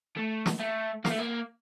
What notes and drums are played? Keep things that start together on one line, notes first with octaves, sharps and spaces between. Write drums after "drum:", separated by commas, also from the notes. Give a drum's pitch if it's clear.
A3
drum: snare
A3
A#3, drum: snare
A3
A#3